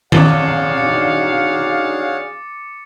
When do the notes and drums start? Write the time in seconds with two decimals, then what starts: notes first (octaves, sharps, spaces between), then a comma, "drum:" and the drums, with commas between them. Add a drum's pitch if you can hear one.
0.12 G#4 C#5 D5 F5 F#5 D6 A6, drum: tom D#3
0.77 D4 D#4 F#4 C#7